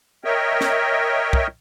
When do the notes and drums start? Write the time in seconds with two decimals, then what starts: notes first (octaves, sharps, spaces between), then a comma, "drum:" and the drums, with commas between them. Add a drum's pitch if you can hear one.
0.24 A#4 C#5 D#5 E5 G5
0.61 drum: snare
1.33 drum: kick